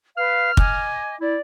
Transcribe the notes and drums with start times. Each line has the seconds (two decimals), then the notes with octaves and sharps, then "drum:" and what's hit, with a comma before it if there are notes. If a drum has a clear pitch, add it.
0.17 B4 F5 F6
0.57 D#5 G#5 D6, drum: kick
1.21 E4 D5